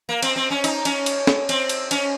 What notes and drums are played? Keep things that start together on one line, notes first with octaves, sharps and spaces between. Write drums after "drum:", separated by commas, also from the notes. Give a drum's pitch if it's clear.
A#3
C4, drum: cymbal
C4
C#4
D#4, drum: cymbal
C#4, drum: cymbal
drum: cymbal
drum: snare
C4, drum: cymbal
drum: cymbal
C#4, drum: cymbal